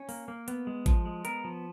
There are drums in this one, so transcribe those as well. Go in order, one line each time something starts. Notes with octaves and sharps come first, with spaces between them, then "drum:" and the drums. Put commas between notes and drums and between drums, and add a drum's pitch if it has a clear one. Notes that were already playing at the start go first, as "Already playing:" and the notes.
Already playing: C#4
A#3, drum: open hi-hat
A#3
B3, drum: hi-hat
G#3
F3, drum: kick G#1, hi-hat
G#3
B3 A#4, drum: hi-hat
F3